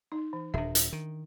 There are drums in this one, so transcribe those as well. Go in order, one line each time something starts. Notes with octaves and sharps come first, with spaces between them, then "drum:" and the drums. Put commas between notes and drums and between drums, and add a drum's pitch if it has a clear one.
D#4
E3
D#1 D#3 D4 E5
drum: hi-hat
D#3